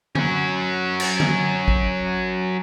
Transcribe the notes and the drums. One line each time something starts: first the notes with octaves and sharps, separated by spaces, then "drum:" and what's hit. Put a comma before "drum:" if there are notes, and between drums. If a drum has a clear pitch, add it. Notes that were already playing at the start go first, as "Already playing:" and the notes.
F#3 C#4, drum: tom D3
drum: cymbal
drum: tom D3
drum: kick A1